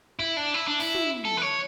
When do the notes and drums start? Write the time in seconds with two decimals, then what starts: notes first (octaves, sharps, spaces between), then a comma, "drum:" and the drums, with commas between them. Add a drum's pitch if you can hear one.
0.19 E4, drum: kick
0.37 D4
0.54 E4
0.67 D4
0.80 E4, drum: open hi-hat
0.95 drum: tom
1.25 A4
1.37 B4
1.42 C#5